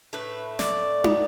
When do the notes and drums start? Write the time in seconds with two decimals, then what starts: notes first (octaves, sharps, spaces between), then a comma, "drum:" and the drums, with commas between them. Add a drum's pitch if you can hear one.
0.13 A2 A3 B4
0.59 D5, drum: snare
1.04 D3 B3, drum: tom D#4